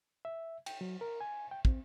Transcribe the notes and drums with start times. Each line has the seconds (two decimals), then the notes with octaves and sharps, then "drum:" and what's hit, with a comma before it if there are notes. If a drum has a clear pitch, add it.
0.25 E5
0.66 G5, drum: cymbal
0.81 F#3
1.01 A#4
1.21 G#5
1.51 G5
1.65 C4, drum: kick